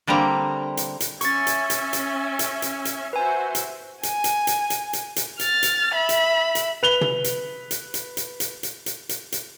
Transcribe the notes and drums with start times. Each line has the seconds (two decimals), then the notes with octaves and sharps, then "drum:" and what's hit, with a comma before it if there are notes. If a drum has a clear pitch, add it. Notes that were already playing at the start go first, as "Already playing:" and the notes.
0.07 D3 G3 A#3 C4 A#5
0.77 drum: hi-hat
1.00 drum: hi-hat
1.21 C#4 E5 G#5 C#6 A6, drum: hi-hat
1.47 drum: hi-hat
1.70 drum: hi-hat
1.93 drum: hi-hat
2.39 drum: hi-hat
2.62 drum: hi-hat
2.85 drum: hi-hat
3.13 F#4 B4 C5 E5 G#5
3.55 drum: hi-hat
4.03 G#5, drum: hi-hat
4.24 drum: hi-hat
4.47 drum: hi-hat
4.70 drum: hi-hat
4.93 drum: hi-hat
5.16 drum: hi-hat
5.40 F6 A6, drum: hi-hat
5.63 drum: hi-hat
5.94 E5 B5
6.09 drum: hi-hat
6.55 drum: hi-hat
6.83 B4 F7 G7
7.01 drum: tom
7.24 drum: hi-hat
7.71 drum: hi-hat
7.94 drum: hi-hat
8.17 drum: hi-hat
8.40 drum: hi-hat
8.63 drum: hi-hat
8.86 drum: hi-hat
9.09 drum: hi-hat
9.32 drum: hi-hat